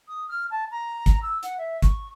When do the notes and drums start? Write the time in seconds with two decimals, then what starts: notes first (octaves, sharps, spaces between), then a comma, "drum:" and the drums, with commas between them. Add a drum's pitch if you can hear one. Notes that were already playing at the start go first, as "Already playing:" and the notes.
0.08 D#6
0.29 F6
0.50 A5
0.71 A#5
1.06 drum: kick, hi-hat
1.23 E6
1.43 F#5, drum: hi-hat
1.58 E5
1.82 C#6, drum: kick, hi-hat